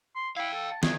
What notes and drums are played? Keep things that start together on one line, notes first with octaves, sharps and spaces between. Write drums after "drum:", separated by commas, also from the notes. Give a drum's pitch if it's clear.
C6
E4 F5 G5
A4
A5
D#3 G#4, drum: snare